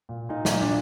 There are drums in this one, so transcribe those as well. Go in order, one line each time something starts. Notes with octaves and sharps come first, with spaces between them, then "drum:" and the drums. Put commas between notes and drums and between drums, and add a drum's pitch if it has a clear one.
A#2
A#2 D#4
D#4, drum: snare
A#2
D4